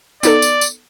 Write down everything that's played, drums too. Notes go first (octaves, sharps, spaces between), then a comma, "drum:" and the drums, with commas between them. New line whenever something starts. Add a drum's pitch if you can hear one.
B3 D#4 A4 D5, drum: tambourine
drum: tambourine
drum: tambourine